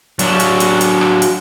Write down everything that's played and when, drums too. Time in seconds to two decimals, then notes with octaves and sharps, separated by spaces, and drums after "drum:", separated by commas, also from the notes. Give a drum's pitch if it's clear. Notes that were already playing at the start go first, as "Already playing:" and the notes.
0.19 F#3 D4, drum: hi-hat
0.40 drum: hi-hat
0.60 drum: hi-hat
0.81 drum: hi-hat
1.01 drum: rim click
1.22 drum: hi-hat